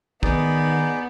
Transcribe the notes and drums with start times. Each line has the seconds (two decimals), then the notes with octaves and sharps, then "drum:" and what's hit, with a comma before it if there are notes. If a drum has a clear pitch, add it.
0.23 D#3 B3 D#4 G#4 D5, drum: kick